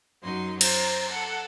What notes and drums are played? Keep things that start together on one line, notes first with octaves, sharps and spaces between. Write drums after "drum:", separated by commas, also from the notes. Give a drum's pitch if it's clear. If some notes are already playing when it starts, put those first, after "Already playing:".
F#2 F#3 D#4 C6
C5 A#5 A6, drum: cymbal
A4 F#5